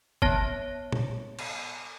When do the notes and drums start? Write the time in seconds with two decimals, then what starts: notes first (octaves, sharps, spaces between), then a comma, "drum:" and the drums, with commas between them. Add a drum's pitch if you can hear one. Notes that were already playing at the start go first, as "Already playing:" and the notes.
0.22 B3 C#5 A5 A#6, drum: kick
0.92 drum: tom A#2
1.39 drum: cymbal